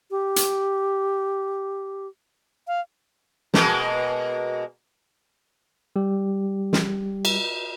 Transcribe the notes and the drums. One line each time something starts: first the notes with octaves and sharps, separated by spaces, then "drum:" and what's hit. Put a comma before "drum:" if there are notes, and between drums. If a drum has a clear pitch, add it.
G4
drum: hi-hat
F5
B2 G#3 A#3, drum: snare
G3 G4
drum: snare
drum: cymbal